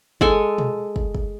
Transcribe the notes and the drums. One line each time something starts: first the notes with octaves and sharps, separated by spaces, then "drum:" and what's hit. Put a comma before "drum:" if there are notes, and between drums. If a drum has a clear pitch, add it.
G#3 A4 G#5, drum: kick
drum: tom A#2
drum: kick
drum: kick